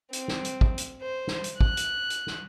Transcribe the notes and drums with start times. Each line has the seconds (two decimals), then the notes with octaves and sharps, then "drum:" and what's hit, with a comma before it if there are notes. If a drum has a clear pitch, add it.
0.13 C4, drum: hi-hat
0.28 drum: snare
0.45 drum: hi-hat
0.61 drum: kick
0.78 drum: hi-hat
1.02 C5
1.27 drum: snare
1.44 drum: hi-hat
1.61 F#6, drum: kick
1.77 drum: hi-hat
2.10 drum: hi-hat
2.27 drum: snare